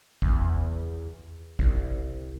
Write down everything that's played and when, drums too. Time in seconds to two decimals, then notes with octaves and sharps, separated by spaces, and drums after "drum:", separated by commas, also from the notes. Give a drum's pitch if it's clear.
0.22 E2, drum: kick
1.59 C2, drum: kick